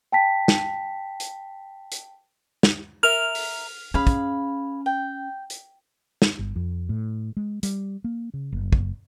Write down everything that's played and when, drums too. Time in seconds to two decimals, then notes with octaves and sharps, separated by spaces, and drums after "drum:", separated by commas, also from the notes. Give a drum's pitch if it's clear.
0.12 G5 A5 B6
0.48 drum: snare
1.20 drum: hi-hat
1.92 drum: hi-hat
2.63 drum: snare
3.03 A#4 E5 F6 F7
3.35 drum: open hi-hat
3.94 C#4 G#4 F5 B5
4.07 drum: kick, hi-hat
4.86 G5
5.50 drum: hi-hat
6.22 drum: snare
6.39 G1
6.56 F2
6.89 A2
7.37 G#3
7.63 G3, drum: hi-hat
8.04 A#3
8.34 C#3
8.52 F#1
8.73 drum: kick